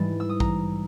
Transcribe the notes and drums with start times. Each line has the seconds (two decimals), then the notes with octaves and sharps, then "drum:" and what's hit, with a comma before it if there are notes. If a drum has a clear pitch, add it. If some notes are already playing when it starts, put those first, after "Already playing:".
Already playing: G#2 E3 G3 A6
0.20 E6
0.29 D#6
0.40 A#5, drum: kick